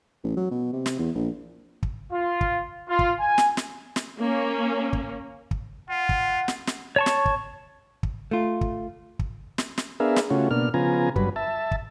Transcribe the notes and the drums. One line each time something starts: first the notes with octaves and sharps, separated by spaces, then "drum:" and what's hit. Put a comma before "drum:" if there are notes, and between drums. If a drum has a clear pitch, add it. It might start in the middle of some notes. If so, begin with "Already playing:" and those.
A1
F#3
B2
C3
drum: snare
E2
A#1
drum: kick
F4
drum: kick
F4
drum: kick
G#5
drum: snare
drum: snare
drum: snare
A#3 C#4
drum: kick
drum: kick
F4 F#5
drum: kick
drum: snare
drum: snare
C#5 A5 C#6
drum: snare
drum: kick
drum: kick
A3 F4
drum: kick
drum: kick
drum: snare
drum: snare
B3 D4 G#4 A#4 E5 F5
drum: snare
C#3 A3 C#4 F4 F#4
B2 A#3 D4 F6
C#3 F3 B3 F4 G#5 A#5
G2 F#3 B4, drum: kick
E5 A5
drum: kick